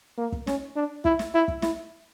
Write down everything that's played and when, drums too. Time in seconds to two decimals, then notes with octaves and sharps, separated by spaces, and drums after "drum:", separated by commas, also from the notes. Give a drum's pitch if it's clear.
0.18 A#3
0.33 drum: kick
0.47 C#4, drum: snare
0.76 D4
1.05 E4, drum: kick
1.19 drum: snare
1.34 E4
1.48 drum: kick
1.62 E4, drum: snare